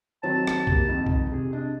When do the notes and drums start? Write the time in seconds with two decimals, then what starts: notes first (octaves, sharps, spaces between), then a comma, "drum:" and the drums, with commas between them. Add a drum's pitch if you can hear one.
0.23 D#3 F#3 C4 A5
0.47 drum: rim click
0.67 A#3 G4, drum: kick
0.88 F2 G#2 D#3
1.06 drum: kick
1.32 C3 G#4
1.53 C3 D4 D#5